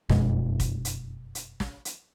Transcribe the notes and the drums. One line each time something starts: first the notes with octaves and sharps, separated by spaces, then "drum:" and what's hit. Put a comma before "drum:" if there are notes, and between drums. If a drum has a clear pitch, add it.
F1 F#2 B2 G#3, drum: snare
drum: kick, hi-hat
drum: hi-hat
drum: hi-hat
drum: snare
drum: hi-hat